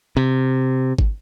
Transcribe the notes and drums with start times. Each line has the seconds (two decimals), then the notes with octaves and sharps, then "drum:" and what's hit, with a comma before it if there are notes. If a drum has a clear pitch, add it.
0.17 C3
0.99 drum: kick